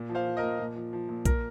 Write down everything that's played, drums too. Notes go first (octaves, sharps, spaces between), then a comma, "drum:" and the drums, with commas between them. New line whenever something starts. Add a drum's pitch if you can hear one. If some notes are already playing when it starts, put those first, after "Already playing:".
Already playing: A#2
F3
C5 F5
F3
A#4 D#5
A#2
A#2
F3
F3
A#2
A#4, drum: kick, hi-hat